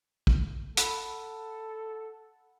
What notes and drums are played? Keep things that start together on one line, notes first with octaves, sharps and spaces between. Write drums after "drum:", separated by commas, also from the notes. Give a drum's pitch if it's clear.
drum: kick
A4 F#5 B5, drum: hi-hat